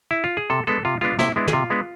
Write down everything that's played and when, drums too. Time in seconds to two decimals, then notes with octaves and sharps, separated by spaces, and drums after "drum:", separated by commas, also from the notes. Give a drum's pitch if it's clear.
0.11 E4
0.24 F4
0.37 G#4
0.50 C3 A4
0.67 G#3 B3 D4 A4
0.85 C3 F4
1.01 G#3 B3 D4 F4
1.19 C3 E4, drum: snare
1.36 G#3 B3 D4 E4
1.48 G#4, drum: tom
1.53 C3 F4
1.70 G#3 B3 D4